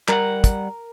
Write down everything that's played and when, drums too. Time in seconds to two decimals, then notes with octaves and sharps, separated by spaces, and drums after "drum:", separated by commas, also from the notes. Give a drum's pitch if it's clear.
0.08 G3 A#4 F#5, drum: clap
0.44 drum: kick, hi-hat